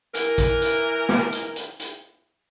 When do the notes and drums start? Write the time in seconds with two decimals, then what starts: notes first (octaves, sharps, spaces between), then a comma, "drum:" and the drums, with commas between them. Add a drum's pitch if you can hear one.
0.14 E3 A#4, drum: hi-hat
0.38 drum: kick A1, hi-hat
0.62 drum: hi-hat
1.09 drum: snare
1.32 drum: hi-hat
1.56 drum: hi-hat
1.79 drum: hi-hat